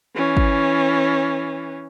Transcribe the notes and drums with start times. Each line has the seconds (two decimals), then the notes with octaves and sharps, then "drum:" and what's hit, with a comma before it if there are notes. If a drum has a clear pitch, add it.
0.15 E3 C#4
0.37 drum: kick